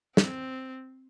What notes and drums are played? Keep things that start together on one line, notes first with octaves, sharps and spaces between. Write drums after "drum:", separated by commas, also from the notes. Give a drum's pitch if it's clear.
C4, drum: snare